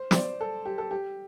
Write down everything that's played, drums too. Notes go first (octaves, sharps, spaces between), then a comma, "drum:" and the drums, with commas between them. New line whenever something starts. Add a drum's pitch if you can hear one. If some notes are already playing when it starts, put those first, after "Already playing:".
Already playing: C5
C5, drum: snare
D5
A4
G4
A4
G4